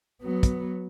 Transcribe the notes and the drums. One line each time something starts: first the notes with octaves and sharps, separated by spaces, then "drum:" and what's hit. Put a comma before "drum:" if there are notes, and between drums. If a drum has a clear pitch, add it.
F#3 B3
drum: kick, hi-hat